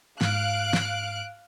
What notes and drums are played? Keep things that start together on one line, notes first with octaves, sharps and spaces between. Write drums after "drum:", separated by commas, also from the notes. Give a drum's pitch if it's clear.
G#2 F5 F#6 D7, drum: snare
drum: snare